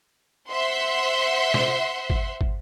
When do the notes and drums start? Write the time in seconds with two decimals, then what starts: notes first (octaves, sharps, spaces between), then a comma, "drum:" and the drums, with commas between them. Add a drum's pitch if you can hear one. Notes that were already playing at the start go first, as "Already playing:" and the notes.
0.50 C5 E5 F#5 C6
1.54 drum: snare
2.10 drum: kick
2.41 drum: kick